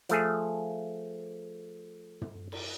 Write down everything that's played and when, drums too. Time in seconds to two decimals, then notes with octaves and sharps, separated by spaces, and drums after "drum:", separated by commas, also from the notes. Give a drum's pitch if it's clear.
0.09 F3 A3 G#4, drum: hi-hat
2.21 drum: tom
2.52 drum: cymbal